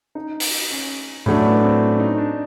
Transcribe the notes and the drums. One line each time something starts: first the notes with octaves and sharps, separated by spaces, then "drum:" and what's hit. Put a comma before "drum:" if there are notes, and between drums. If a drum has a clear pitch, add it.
D#4
drum: open hi-hat
C#4
A2 F#3 A3 C#4 D4
B3
C4
C#4
D#4
D4